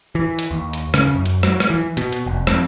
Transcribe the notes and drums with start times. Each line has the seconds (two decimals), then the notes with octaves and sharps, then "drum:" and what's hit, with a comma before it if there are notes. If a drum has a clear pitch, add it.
0.15 E3
0.39 drum: hi-hat
0.51 D#2
0.73 drum: hi-hat
0.94 C#3, drum: rim click
1.15 F#2
1.26 drum: hi-hat
1.43 F#3, drum: rim click
1.60 drum: rim click
1.70 E3
1.97 B2, drum: hi-hat
2.12 drum: hi-hat
2.26 F1
2.47 F2, drum: rim click